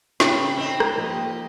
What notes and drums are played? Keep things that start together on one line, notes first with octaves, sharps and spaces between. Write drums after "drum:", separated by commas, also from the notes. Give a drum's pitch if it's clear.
C#3 G5 B5, drum: snare
C4 D#4 B4
drum: rim click
F3 A#3 G4 D#5